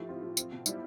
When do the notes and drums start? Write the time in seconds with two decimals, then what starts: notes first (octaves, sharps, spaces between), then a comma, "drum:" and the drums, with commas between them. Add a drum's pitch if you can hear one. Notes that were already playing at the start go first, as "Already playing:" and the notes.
Already playing: A2 F3 E4 G4
0.09 C4 F4
0.23 F3
0.37 C4, drum: tambourine
0.52 B2
0.66 G3 E4, drum: tambourine